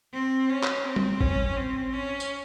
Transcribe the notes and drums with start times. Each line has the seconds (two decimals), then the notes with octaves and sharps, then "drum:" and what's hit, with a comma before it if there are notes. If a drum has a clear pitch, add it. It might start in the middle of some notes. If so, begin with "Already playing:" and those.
0.14 C4
0.50 C#4
0.63 drum: clap
0.85 C4
0.96 drum: tom G3
1.21 C#4, drum: kick G#1
1.57 C4
1.93 C#4
2.20 drum: tambourine